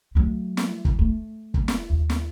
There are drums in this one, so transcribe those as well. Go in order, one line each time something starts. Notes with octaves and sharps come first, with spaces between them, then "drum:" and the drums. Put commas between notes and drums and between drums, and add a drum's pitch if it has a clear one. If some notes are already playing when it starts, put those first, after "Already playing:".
F#3 A3
drum: snare
drum: kick
A3
drum: kick
drum: snare
D#2
drum: snare